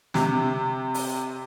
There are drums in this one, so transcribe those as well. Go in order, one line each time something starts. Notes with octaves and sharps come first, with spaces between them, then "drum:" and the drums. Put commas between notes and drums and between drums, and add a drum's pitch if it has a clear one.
C3, drum: snare
drum: open hi-hat